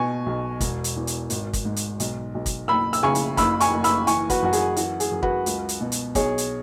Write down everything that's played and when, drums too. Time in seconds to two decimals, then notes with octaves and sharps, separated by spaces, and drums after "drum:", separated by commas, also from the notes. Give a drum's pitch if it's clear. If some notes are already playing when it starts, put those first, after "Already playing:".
Already playing: B2 G#5 C#6
0.26 B1
0.61 E1, drum: kick, hi-hat
0.84 drum: hi-hat
0.96 E2
1.07 drum: hi-hat
1.30 G#1, drum: hi-hat
1.53 drum: kick, hi-hat
1.65 G#2
1.76 drum: hi-hat
2.00 B1, drum: hi-hat
2.35 B1
2.46 drum: kick, hi-hat
2.68 F#1 B5 E6
2.93 E6, drum: hi-hat
3.03 C#3 G#5 C#6
3.15 drum: hi-hat
3.37 F#1 B5 E6, drum: kick, hi-hat
3.60 G#5 C#6, drum: hi-hat
3.73 F#1
3.84 B5 E6, drum: hi-hat
4.07 E3 G#5 C#6, drum: hi-hat
4.30 F#4 B4, drum: kick, hi-hat
4.42 F#2 F#4
4.53 G#4, drum: hi-hat
4.76 E3 F#4, drum: hi-hat
5.00 G#4, drum: hi-hat
5.12 F#2
5.23 F#4 B4, drum: kick
5.46 C#2, drum: hi-hat
5.69 drum: hi-hat
5.81 B2
5.92 drum: hi-hat
6.15 B1 G#4 C#5, drum: kick, hi-hat
6.38 drum: hi-hat